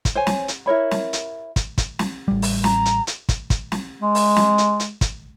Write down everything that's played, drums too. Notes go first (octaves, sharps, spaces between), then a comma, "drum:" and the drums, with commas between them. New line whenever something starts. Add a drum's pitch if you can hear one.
drum: kick, hi-hat
C5 C#5 G#5
drum: snare
drum: hi-hat
E4 A#4 C#5 B5
drum: snare
drum: hi-hat
drum: kick, hi-hat
drum: kick, hi-hat
drum: snare
A1 G3
drum: open hi-hat
A#5, drum: snare
drum: hi-hat
drum: hi-hat
drum: kick, hi-hat
drum: kick, hi-hat
drum: snare
G#3
drum: open hi-hat
drum: snare
drum: hi-hat
drum: hi-hat
drum: kick, hi-hat